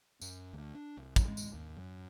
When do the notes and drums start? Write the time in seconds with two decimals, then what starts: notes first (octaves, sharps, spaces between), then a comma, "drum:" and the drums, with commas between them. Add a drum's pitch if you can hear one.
0.21 F#2, drum: tambourine
0.53 D2
0.75 D4
0.97 C2
1.16 F#3, drum: kick, tambourine
1.28 G#3
1.37 drum: tambourine
1.54 D#2
1.77 F#2